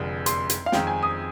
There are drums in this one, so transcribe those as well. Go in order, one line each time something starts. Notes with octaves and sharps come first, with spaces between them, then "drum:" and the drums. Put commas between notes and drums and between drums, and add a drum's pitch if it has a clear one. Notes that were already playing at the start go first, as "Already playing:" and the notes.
Already playing: F1 F2 D3 G#3
C6, drum: hi-hat
drum: hi-hat
F5
F2 D#3 G#3 C4 G5, drum: snare
G#5
D#6